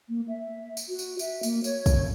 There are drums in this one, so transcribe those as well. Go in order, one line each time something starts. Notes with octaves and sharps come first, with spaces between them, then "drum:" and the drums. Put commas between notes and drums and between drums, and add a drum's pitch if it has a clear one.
A#3
E5
drum: tambourine
F#4
drum: tambourine
E5, drum: tambourine
A#3, drum: tambourine
C#5, drum: tambourine
drum: kick, tambourine